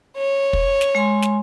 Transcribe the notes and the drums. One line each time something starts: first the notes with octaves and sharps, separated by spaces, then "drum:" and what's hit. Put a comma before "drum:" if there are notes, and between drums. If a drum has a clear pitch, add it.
C#5
drum: kick
drum: snare
G#3 G#5 C6
drum: snare